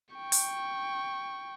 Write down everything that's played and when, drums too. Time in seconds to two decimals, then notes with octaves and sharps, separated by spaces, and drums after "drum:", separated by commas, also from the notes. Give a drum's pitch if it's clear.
0.15 G5 C#6
0.32 drum: open hi-hat